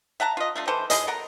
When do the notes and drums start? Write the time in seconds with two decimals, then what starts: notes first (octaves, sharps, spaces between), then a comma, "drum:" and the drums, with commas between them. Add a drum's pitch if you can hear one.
0.20 E5 F#5 A5 A#5
0.37 F4 D#5
0.56 A3 D4 F4
0.67 E3 A4 C5
0.90 E4 G#4 D#5, drum: hi-hat
1.07 A4 A#4 F#5 A#5